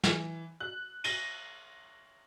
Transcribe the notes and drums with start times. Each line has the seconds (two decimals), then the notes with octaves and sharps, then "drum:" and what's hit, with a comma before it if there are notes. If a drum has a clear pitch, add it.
0.04 E3, drum: snare
0.60 F#6
1.04 A#6 D#7, drum: cymbal